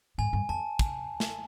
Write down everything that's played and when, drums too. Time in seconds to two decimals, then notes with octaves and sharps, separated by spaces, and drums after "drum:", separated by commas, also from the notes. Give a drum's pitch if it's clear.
0.18 G#2 G#5
0.33 G2
0.49 F2 A5
0.79 drum: kick, hi-hat
1.20 drum: snare